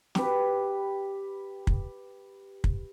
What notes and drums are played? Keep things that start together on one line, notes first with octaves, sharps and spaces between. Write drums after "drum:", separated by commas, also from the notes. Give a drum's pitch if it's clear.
G4 B4, drum: snare
drum: kick
drum: kick